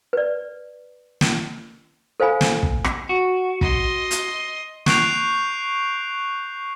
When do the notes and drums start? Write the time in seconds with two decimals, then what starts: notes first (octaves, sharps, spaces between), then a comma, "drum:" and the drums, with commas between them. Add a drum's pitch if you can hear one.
0.13 B4 D5
1.21 drum: snare
2.20 A4 C5 F5 G#5 B5
2.41 drum: snare
2.63 drum: kick
2.84 drum: rim click
3.09 F#4
3.61 D#5 C6, drum: kick
4.11 drum: hi-hat
4.86 C#6 F#6 G6 C7 D7 F7, drum: snare